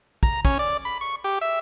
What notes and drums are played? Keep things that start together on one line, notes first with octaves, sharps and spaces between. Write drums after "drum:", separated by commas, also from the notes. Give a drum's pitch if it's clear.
A#5, drum: kick
C#4, drum: kick
D5
B5
C#6
G4
E5